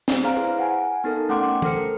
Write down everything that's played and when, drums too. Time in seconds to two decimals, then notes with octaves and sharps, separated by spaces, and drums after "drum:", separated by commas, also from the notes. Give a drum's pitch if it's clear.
0.08 drum: snare
0.24 G#4 C5 D5 F5 A#5 F6
0.36 E4 G#4 B4 C5
0.59 F#5 G#5
1.04 B3 D#4 A4 A#4
1.29 A3 C#4 F#5 G5 C6 D6
1.62 A4 A#4 C5 F6 C#7, drum: tom E3